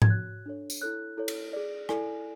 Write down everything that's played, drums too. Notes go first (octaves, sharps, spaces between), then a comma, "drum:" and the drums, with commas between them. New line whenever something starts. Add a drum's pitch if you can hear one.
G#6, drum: tom G#2
F#4 C#5 F#6
D4 A4 C#5
drum: tambourine
E4 A4 C#5 F#6
E4 A4 C#5
drum: cymbal
G#4 D5
E4 A4 D5 G#5, drum: rim click